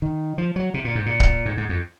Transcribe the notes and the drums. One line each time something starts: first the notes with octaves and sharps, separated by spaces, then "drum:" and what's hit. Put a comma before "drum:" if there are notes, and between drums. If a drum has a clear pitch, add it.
D#3
F3
F#3
C3
A#2
G#2
A#2
drum: kick C#1
G#2
G#2
F2